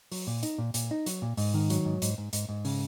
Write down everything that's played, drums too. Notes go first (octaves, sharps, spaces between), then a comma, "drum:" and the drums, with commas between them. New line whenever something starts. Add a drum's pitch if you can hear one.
F#3, drum: open hi-hat
A#2
D#4, drum: hi-hat
A#2
A#2, drum: hi-hat
D#4
F#3, drum: hi-hat
A#2
G#2, drum: open hi-hat
D#3
F#3, drum: hi-hat
G#2
G#2, drum: hi-hat
G#2
G#2, drum: hi-hat
G#2
C#3, drum: open hi-hat